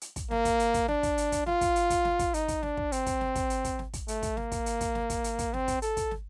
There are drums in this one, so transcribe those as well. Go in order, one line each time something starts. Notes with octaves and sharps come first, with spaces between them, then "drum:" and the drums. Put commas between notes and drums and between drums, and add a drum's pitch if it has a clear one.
drum: hi-hat
drum: kick, hi-hat
A#3, drum: snare
drum: kick, hi-hat
drum: hi-hat
drum: kick, hi-hat
D4, drum: snare
drum: kick, hi-hat
drum: hi-hat
drum: kick, hi-hat
F4, drum: snare
drum: kick, hi-hat
drum: hi-hat
drum: kick, hi-hat
drum: snare
drum: kick, hi-hat
D#4, drum: hi-hat
drum: kick, hi-hat
D4, drum: snare
drum: kick
C4, drum: hi-hat
drum: kick, hi-hat
drum: snare
drum: kick, hi-hat
drum: hi-hat
drum: kick, hi-hat
drum: snare
drum: kick, hi-hat
A3, drum: hi-hat
drum: kick, hi-hat
A#3, drum: snare
drum: kick, hi-hat
drum: hi-hat
drum: kick, hi-hat
drum: snare
drum: kick, hi-hat
drum: hi-hat
drum: kick, hi-hat
C4, drum: snare
drum: kick, hi-hat
A4, drum: hi-hat
drum: kick, hi-hat
drum: snare